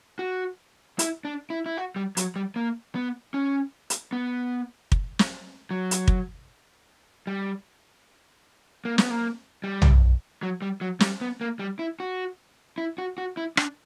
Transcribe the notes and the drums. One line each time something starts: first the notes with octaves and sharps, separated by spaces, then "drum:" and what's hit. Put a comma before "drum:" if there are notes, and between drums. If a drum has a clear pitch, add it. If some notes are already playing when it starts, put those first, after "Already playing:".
F#4
E4, drum: hi-hat
D4
E4
E4
F#4
G3
F#3, drum: hi-hat
G3
A#3
B3
C#4
drum: hi-hat
B3
drum: kick
drum: snare
F#3
drum: hi-hat
drum: kick
G3
A#3
B3, drum: snare
A#3
G3
drum: tom B1
F#3
G3
F#3
G3, drum: snare
B3
A#3
G3
E4
F#4
E4
F#4
F#4
E4
D4, drum: rim click